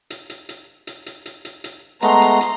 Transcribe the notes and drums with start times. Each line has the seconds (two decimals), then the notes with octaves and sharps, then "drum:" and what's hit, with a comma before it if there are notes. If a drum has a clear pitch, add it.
0.10 drum: hi-hat
0.30 drum: hi-hat
0.49 drum: hi-hat
0.87 drum: hi-hat
1.06 drum: hi-hat
1.26 drum: hi-hat
1.45 drum: hi-hat
1.64 drum: hi-hat
2.02 G#3 A3 B3 A#5 C6, drum: hi-hat
2.22 drum: hi-hat
2.41 drum: hi-hat